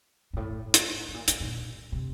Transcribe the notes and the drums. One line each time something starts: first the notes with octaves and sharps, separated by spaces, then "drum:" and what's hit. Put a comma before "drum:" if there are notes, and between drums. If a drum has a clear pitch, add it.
G2
A2
drum: hi-hat
A2
A#2
A2, drum: hi-hat
A#2
C3